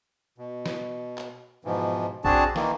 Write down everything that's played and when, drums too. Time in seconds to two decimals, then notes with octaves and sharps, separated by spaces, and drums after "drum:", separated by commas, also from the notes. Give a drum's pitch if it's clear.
0.38 B2
0.66 drum: snare
1.18 drum: clap
1.65 G#2 B2 E3 F3
2.24 C4 D4 F#4 G#4 A5, drum: kick A#1
2.56 D#3 E3 A#3, drum: snare